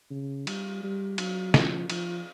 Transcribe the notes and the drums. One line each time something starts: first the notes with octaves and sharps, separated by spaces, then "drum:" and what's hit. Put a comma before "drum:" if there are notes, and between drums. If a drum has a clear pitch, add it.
C#3
G3, drum: cymbal
G3
F#3, drum: cymbal
F3, drum: snare
F3, drum: cymbal